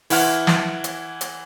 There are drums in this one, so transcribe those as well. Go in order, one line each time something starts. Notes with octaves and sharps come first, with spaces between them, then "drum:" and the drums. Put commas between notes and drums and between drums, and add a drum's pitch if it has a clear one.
E3 E4 F#5 F6, drum: open hi-hat
drum: snare
drum: hi-hat
drum: hi-hat